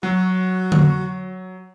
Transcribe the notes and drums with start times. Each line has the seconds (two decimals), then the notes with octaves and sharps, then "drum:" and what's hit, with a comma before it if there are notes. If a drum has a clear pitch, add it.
0.03 F#3 F#4
0.72 drum: tom D3